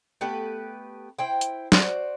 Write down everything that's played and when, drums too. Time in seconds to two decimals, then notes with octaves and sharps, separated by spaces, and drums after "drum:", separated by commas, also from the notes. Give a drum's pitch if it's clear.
0.21 A3 B3 G4 B4
1.19 E4 C5 G5
1.41 drum: hi-hat
1.72 F#4 C5 D5, drum: snare